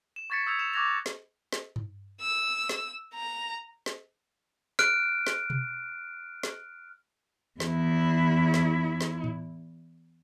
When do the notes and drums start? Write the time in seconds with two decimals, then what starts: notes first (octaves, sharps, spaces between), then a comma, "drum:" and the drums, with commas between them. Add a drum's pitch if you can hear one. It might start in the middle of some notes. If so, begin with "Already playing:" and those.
0.16 E7
0.30 C#6 G#6 A6 B6 C#7 E7
0.46 D#6 E6 G6 G#6 C#7 F7
0.59 C#7 E7 F7
0.74 C#6 D6 F#6 G#6 A#6 F7
1.06 drum: snare
1.53 drum: snare
1.76 drum: tom G2
2.21 E6
2.69 drum: snare
3.15 A#5
3.86 drum: snare
4.79 F6 F#6 D7, drum: snare
5.27 drum: snare
5.50 drum: tom B2
6.43 drum: snare
7.60 E2 E4, drum: snare
8.54 drum: snare
9.01 drum: snare
9.24 drum: tom A2